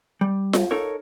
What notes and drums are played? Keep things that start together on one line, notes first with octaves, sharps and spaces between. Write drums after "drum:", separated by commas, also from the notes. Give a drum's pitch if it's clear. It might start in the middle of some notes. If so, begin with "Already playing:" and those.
G3
drum: snare F4
D#4 A4 A#4 C#5